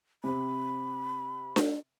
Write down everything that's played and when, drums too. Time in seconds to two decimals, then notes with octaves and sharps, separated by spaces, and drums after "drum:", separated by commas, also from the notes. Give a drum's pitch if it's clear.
0.24 C3 C4 B5
1.56 drum: snare D4